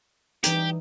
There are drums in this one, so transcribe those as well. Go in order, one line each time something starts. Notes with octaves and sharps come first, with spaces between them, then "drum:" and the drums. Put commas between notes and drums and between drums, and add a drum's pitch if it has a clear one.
E3 G3 D#4 G4, drum: hi-hat